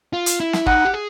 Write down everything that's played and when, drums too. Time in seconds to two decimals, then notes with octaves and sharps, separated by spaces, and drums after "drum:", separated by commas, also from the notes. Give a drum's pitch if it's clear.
0.13 F4
0.26 drum: hi-hat
0.40 E4
0.53 drum: snare
0.66 D#4 F#5, drum: kick
0.85 G4
0.94 G#4